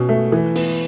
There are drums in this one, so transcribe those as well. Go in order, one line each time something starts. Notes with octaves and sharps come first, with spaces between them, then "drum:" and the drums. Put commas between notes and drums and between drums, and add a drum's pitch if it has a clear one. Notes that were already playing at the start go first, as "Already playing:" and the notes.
Already playing: B2 C#4
A3
E3
B3, drum: open hi-hat